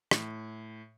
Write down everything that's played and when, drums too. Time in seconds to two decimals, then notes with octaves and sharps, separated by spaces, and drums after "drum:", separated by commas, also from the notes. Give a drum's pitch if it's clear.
0.11 A2, drum: rim click